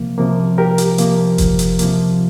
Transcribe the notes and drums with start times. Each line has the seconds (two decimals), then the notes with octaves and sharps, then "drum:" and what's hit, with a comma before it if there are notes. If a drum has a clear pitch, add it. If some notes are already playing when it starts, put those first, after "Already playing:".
Already playing: C2 C3 F3 A#3
0.18 C3 F3 A#3
0.58 C2 G4 A#4
0.78 drum: hi-hat
0.98 C3 F3 A#3, drum: hi-hat
1.38 C2, drum: kick F#1, hi-hat
1.59 drum: hi-hat
1.79 C3 F3 A#3, drum: hi-hat